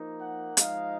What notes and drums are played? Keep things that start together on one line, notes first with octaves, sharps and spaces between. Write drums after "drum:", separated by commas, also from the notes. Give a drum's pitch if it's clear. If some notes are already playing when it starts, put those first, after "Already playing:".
Already playing: F3 A#3 D#4
F#5
F3 G#3 D#4 F5, drum: hi-hat